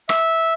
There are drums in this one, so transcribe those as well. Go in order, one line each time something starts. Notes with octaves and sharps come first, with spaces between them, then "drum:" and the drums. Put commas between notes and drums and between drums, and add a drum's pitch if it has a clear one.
E5, drum: rim click